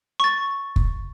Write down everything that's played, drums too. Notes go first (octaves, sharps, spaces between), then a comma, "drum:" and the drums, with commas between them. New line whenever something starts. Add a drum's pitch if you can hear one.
C#6 A6
drum: kick